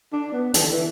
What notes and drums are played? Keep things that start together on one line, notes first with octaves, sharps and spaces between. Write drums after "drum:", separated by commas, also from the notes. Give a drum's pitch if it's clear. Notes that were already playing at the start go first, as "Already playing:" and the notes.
D4
B3
E3, drum: hi-hat
D3
E3